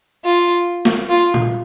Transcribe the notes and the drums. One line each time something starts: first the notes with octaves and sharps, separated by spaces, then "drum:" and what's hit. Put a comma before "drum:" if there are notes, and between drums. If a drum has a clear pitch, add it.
F4
drum: snare
F4
drum: tom A#2